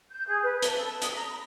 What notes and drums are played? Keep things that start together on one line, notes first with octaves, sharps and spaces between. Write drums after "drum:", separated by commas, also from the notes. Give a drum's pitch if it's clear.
G6
G#4
B4
A5, drum: hi-hat
A4
A5
D#6, drum: hi-hat
A#5
B5